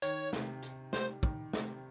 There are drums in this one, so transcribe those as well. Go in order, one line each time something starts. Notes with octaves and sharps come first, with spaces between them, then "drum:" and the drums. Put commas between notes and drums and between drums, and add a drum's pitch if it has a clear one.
D#3 C#5, drum: hi-hat
C3, drum: snare
C3, drum: hi-hat
G3 C5, drum: snare
D#3, drum: kick
C3, drum: snare